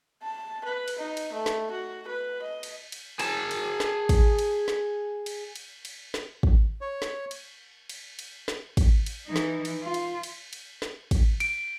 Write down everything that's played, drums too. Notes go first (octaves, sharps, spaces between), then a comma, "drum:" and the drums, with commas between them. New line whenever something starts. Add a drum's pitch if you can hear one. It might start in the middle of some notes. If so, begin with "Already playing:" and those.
A5
B4
drum: cymbal
D#4
drum: cymbal
A3
drum: snare
F#4
B4
D#5
drum: cymbal
drum: cymbal
G#4 A5, drum: cymbal
drum: cymbal
drum: snare
drum: kick, cymbal
drum: cymbal
drum: snare
drum: cymbal
drum: cymbal
drum: cymbal
drum: snare
drum: kick
C#5
drum: snare
drum: cymbal
drum: cymbal
drum: cymbal
drum: snare
drum: kick, cymbal
drum: cymbal
E3 D#4
drum: snare
drum: cymbal
F4
drum: cymbal
drum: cymbal
drum: cymbal
drum: snare
drum: kick, cymbal
D7, drum: cymbal